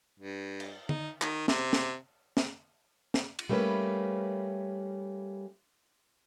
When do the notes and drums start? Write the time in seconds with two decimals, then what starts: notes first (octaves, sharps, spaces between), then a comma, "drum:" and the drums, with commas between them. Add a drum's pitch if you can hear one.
0.20 G2
0.60 drum: cymbal
0.89 D#4, drum: tom D3
1.22 D#3, drum: clap
1.48 C3, drum: snare
1.73 drum: snare
2.37 drum: snare
3.14 drum: snare
3.39 drum: cymbal
3.49 G3 A3 A#3 C#4 B4